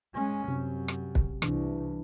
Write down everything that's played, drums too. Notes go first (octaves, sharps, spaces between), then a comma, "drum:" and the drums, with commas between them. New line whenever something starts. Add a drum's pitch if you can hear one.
G#3 C#4
F#2 C3
drum: rim click
drum: kick
C2 E3 D4, drum: rim click